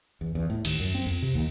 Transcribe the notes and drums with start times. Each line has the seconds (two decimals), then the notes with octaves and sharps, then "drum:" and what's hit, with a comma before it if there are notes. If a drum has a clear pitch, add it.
0.21 E2
0.35 E2
0.50 A2
0.65 D#2, drum: cymbal
0.80 F#2
0.95 C4
1.06 F2
1.22 C3
1.35 D#2